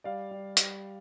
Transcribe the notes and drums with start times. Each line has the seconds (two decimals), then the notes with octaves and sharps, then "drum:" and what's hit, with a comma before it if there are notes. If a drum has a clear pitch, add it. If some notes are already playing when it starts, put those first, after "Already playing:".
0.04 G3 D5 F5
0.31 G3
0.57 G3, drum: hi-hat